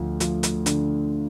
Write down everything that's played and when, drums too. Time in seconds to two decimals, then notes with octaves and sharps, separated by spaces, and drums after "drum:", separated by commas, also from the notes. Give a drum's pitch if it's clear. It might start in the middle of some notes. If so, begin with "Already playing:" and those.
Already playing: D2 F3
0.20 F3, drum: hi-hat
0.43 drum: hi-hat
0.66 D3, drum: hi-hat